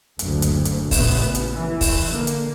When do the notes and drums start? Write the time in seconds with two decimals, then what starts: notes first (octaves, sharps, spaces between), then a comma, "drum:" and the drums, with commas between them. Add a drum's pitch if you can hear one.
0.19 F#1 D2, drum: hi-hat
0.42 drum: hi-hat
0.65 drum: hi-hat
0.91 A1 A#2 C#3 B3, drum: kick, open hi-hat
1.35 drum: hi-hat
1.54 E3
1.81 drum: kick, open hi-hat
2.10 D3 A#3
2.27 drum: hi-hat